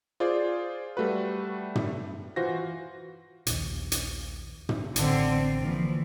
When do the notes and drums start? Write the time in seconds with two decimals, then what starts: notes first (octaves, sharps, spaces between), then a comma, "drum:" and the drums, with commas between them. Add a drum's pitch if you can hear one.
0.20 F4 G#4 C5 D5
0.97 G3 A3 F#4 B4
1.75 drum: tom
2.36 E3 F4 F#4 C5 A#6
3.47 A#1 D#2, drum: hi-hat
3.92 drum: hi-hat
4.69 drum: tom
4.96 A1 D3 C4, drum: hi-hat
5.62 D3 E3 F3 A#3